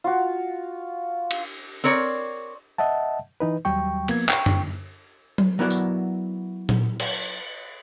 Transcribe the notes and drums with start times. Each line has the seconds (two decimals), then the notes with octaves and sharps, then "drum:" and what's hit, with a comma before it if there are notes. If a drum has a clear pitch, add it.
0.04 F4 F#4
1.31 drum: cymbal
1.84 C4 A#4 C#5 D5
2.78 D#5 E5 F#5 A5
3.40 E3 D#4 B4
3.65 D#2 F#3 G3 G5 C#6
4.08 F3 A#3 B3 G#6, drum: cymbal
4.29 G5 C#6, drum: clap
4.46 drum: tom F#2
5.38 drum: tom F#3
5.59 F#3 B3 E4 A#4 D5 F#5
5.70 drum: tambourine
6.69 drum: tom A#2
7.00 drum: cymbal